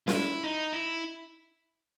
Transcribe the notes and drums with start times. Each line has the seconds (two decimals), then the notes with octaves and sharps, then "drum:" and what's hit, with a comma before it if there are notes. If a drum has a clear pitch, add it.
0.08 F4, drum: snare
0.14 E4
0.44 D#4
0.73 E4